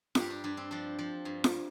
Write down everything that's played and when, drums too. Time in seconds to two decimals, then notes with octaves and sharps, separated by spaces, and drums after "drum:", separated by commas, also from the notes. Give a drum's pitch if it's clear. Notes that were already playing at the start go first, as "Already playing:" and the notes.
0.15 G2 D4 G4, drum: snare F4
0.30 D4
0.44 G2 D4
0.57 C4
0.71 F3 D4
0.99 F3
1.25 G2
1.44 drum: snare F4